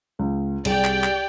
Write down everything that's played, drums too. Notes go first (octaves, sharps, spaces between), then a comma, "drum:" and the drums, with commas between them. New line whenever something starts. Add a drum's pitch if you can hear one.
C#2
C2 G4 G#4 D5 G5, drum: cymbal
drum: clap
drum: clap